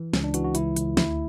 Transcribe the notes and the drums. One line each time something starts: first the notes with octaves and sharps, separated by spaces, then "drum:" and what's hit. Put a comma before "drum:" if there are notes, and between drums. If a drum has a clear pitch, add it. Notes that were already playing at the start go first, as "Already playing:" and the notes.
Already playing: E3
C#2 C#4, drum: snare
D4
E3 F#4, drum: hi-hat
F#4
C#2 E4, drum: hi-hat
C#2, drum: hi-hat
D2 E4, drum: snare